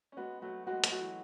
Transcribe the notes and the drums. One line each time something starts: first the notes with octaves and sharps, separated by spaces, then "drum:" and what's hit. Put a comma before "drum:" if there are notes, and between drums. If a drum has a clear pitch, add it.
C#4
G#3 B3 F#4
F#3 A3 F#4
G#3 B3 F#4
G#3
F#3 A3, drum: hi-hat
F#4
E3 G#3